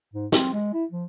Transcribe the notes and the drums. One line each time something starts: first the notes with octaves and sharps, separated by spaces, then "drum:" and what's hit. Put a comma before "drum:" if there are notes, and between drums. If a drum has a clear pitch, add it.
G#2
C4, drum: snare
G#3
E4
F3